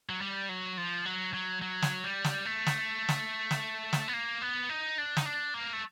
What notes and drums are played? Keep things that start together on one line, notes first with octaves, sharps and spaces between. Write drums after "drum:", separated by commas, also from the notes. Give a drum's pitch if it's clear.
F#3
G3
F#3
F3
F#3
F#3
F#3
drum: snare
G3
drum: snare
A3
drum: snare
drum: snare
drum: snare
drum: snare
B3
A#3
B3
D#4
D4
D#4, drum: snare
D4
A#3
A3